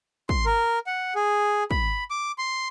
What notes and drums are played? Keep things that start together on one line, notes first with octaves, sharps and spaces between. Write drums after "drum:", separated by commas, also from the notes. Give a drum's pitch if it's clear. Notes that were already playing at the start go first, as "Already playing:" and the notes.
C6, drum: kick
A#4
F#5
G#4
B5, drum: kick
D6
C6